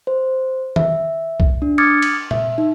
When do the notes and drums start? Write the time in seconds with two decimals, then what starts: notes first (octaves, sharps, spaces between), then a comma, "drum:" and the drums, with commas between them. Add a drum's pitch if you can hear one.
0.07 C5
0.76 E5, drum: tom D#3
1.40 drum: kick B1
1.62 D4
1.78 D6 D#6 F6 G#6 A6 C#7
2.02 drum: cymbal
2.31 E5, drum: tom A#2
2.58 D#4